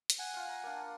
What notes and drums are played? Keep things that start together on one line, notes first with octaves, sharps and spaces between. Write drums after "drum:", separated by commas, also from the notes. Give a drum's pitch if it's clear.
drum: hi-hat
F#5 G#5
F4 F5
A#5
A#3 D4